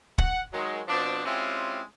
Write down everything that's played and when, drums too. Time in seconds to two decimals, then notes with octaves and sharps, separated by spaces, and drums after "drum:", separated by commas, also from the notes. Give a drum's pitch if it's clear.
0.18 F#5, drum: kick
0.53 D#3 F#3 G#3
0.88 B2 F3 C4 D4
1.25 G#3 C4 C#4 E4 F4 G4